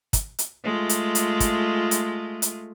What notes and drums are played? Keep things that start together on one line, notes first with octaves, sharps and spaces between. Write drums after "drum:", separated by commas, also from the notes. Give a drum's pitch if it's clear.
drum: kick, hi-hat
drum: hi-hat
G#3 A3 F4
drum: hi-hat
drum: hi-hat
drum: kick, hi-hat
drum: hi-hat
drum: hi-hat